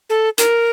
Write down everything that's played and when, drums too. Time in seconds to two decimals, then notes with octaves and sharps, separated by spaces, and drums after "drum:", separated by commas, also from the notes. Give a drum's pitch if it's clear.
0.10 A4
0.38 A#4, drum: hi-hat